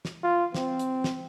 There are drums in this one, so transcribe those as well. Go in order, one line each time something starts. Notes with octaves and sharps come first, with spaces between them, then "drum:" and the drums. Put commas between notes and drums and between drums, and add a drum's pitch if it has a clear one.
drum: snare
F4
C4, drum: snare
drum: hi-hat
drum: snare